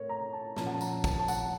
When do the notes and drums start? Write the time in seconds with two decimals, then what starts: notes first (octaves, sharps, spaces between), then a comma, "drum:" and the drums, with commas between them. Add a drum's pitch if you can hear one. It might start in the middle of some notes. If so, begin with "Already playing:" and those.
Already playing: A2 A#4 C#5
0.09 A#5
0.33 A5
0.56 A#2 F3 A#3 C#4 A5, drum: snare
0.66 F#5
0.74 A5
0.81 A#5, drum: tambourine
1.04 A5, drum: kick, tambourine
1.19 A5
1.28 F#5, drum: tambourine